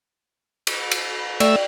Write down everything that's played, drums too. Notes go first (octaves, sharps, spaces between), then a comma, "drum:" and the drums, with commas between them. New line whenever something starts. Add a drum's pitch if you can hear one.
drum: cymbal
drum: cymbal
A3 D5 G5 E6, drum: cymbal